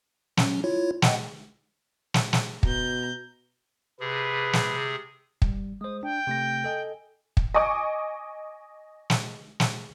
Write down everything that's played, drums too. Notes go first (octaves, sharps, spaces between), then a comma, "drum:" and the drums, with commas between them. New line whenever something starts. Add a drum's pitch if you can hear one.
F#3 C#4, drum: snare
E4 F4 C#5
D#5 F#5 G5, drum: snare
drum: snare
drum: snare
B2 A#5 G6, drum: kick
C3 G#4 B4
drum: snare
G3, drum: kick
G#3 C5 D#6
D4 G5
C3 A3 A#6
A4 D#5 G#5
drum: kick
D#5 G#5 C#6 D6
drum: snare
drum: snare